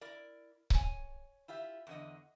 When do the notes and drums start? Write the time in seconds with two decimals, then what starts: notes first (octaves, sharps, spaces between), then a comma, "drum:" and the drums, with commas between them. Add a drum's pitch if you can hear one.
0.01 E4 A#4 D5
0.70 C#5 G#5, drum: kick C#1
1.48 E4 F4 G4 E5
1.87 E2 D3 D#5